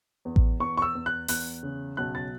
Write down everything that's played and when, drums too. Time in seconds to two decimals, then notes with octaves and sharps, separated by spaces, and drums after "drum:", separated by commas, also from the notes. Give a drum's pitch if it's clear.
0.25 E2
0.36 drum: kick A1
0.60 E2 C#6
0.77 C#6
0.82 E6
0.95 E2
1.06 F#6
1.28 E2 F#6, drum: open hi-hat
1.63 C#3
1.97 B1 F#6
2.15 A6